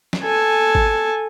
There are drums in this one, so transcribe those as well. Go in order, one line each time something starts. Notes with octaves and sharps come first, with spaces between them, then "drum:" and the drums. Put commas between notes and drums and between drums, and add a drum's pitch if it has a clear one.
drum: snare
A4 G#5
drum: kick G#1